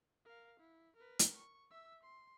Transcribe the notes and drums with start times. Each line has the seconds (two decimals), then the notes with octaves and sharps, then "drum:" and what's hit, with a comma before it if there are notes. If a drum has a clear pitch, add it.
0.25 A#4 F5
0.60 E4
0.96 A#4 B4
1.19 drum: hi-hat
1.36 C#6
1.71 E5 E6
2.03 C6